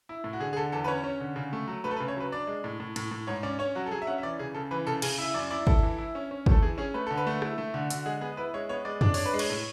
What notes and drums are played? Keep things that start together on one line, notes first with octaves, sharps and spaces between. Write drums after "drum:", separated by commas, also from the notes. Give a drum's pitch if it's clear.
E4
A2
F#4
D3 G#4
G#4
D3 A4
E2 A4
B4
C#4 C#5
C#4
D3
C#3
A3
F#3
A3 B4
A4
B4
C#3
C#5
F#3 B4
D4 D5
G#3
A2
A2
A2, drum: cymbal
A2
G#2 C#5
C#4 D5
C#4 C#5
F#3 F#4
A4
F#3 G#4
E5
C#4 F#5
E5
E3 D5
C#3 G#4
C#3 A4
E3 B4
C#3 A4
C#3 G#4, drum: cymbal
E4 E5
F#2 D5
E4 D5
E4 A4, drum: kick
E3
E4
C#4
C#4
A3, drum: kick
A4
E3 G#4
C#4 G#4
A3 B4
D3 A4
B4
A3
E4, drum: rim click
A3
D3
D3 F#4, drum: hi-hat
G#3 G#4
B3 G#4
E4 B4
G#3 C#5
B3 C#5
G#3 D5
D4 D5, drum: tom F2
D4 C#5, drum: open hi-hat
B4
G#3
C#5, drum: cymbal
A2